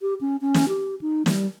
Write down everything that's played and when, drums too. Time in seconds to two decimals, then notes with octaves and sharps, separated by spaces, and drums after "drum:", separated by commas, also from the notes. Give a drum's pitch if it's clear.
0.02 G4
0.21 C#4
0.41 C#4
0.54 drum: snare
0.69 G4
1.01 D#4
1.26 G3, drum: snare